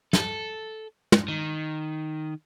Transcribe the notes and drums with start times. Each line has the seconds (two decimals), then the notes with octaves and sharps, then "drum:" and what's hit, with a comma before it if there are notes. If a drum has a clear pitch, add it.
0.13 A4, drum: snare
1.12 drum: tom
1.28 D#3